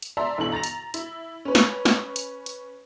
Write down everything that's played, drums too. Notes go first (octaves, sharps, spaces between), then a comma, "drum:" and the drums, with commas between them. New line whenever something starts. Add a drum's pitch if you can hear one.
drum: hi-hat
D5 E5 A5 A#5 C6
B1 G2 E3 E4 A4 F#7
A#5 A6 A#6 F7
drum: hi-hat
E4, drum: hi-hat
C#4 B4
drum: snare
drum: snare
drum: hi-hat
drum: hi-hat